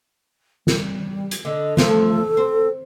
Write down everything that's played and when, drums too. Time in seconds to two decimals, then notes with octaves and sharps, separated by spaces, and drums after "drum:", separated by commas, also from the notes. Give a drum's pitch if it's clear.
0.67 G3, drum: snare
1.31 drum: hi-hat
1.45 D3 D#5
1.77 G2 F3 A3 A4, drum: snare
2.37 C4